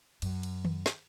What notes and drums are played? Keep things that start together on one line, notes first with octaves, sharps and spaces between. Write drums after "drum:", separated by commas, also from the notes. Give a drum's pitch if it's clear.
F#2, drum: cymbal
drum: cymbal
drum: tom D#3
drum: snare